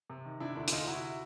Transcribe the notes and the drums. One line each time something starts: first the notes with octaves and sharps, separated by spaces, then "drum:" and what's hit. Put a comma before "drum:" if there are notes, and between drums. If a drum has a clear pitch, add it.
C3
D#3
C3 D4 E4
D2 D4 E4
E4, drum: hi-hat
D2 D#4 F4
C3 E4 F#4